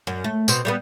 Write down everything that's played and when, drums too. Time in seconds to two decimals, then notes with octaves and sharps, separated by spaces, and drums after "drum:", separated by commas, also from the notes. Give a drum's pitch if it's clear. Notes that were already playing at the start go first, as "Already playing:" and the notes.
0.07 F#2
0.24 A3
0.48 B2 C4, drum: tambourine
0.65 G3 A3 B3